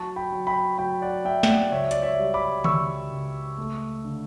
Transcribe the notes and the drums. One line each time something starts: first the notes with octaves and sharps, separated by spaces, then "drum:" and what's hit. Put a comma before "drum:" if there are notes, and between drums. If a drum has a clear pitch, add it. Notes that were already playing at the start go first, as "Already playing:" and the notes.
Already playing: F#3 A5 C#6
G5 B5
F#3
G5 B5
F#3 G5 B5
D5 F#5
F#3 E5 G5
G5, drum: snare
D5 F#5
C#2 C#5 E5
D5, drum: hi-hat
C#5 E5
G3
B5 D6
C#2 C#6 E6, drum: tom D3
C#2
A3
D3